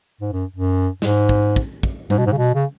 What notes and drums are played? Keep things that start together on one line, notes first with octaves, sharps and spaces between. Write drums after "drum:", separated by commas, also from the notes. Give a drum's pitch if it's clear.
G#2
F#2
F#2
G#2, drum: snare
drum: kick
drum: kick
drum: kick
G#2, drum: tom G3
B2
G#2
C#3
B2
C#3